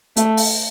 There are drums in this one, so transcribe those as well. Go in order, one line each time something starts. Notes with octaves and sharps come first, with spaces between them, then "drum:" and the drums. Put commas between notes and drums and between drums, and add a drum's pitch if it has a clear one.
A3, drum: hi-hat
drum: open hi-hat